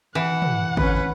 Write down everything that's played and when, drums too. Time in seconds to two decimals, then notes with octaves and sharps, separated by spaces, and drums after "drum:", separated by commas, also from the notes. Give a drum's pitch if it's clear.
0.15 E3 F#5
0.42 drum: tom
0.77 F2 D3 D#3 C#4 B4, drum: kick